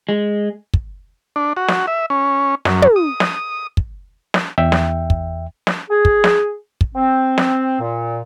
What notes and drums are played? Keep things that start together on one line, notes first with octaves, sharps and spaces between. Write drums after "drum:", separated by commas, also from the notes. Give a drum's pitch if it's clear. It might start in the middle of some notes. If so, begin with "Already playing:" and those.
G#3
drum: kick
D4
F#4
drum: snare
E5
C#4
F#2, drum: snare
drum: tom
D#6
drum: snare
drum: kick
drum: snare
E2 E5 G5
drum: snare
drum: kick
drum: snare
G#4
drum: kick
drum: snare
drum: kick
C4
drum: snare
A#2